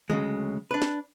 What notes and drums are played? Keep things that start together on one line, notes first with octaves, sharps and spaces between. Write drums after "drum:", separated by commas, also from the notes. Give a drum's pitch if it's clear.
D2 C#3 F#3 G#3, drum: tom
D4 B4
drum: snare